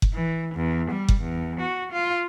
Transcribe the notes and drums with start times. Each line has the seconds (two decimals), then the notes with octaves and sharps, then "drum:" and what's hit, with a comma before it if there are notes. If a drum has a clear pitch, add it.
0.02 drum: kick F#1
0.14 E3
0.55 E2
0.91 G3
1.09 drum: kick F#1
1.21 E2
1.61 F#4
1.92 F4